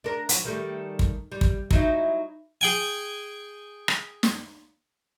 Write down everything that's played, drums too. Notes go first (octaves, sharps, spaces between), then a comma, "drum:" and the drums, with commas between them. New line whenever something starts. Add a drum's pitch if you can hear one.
D4 A#4
F#3, drum: hi-hat
D#3 G3 A3
drum: kick
G3
drum: kick
F#3 D#4 E4, drum: kick
G#4 G5 G#5
drum: rim click
drum: snare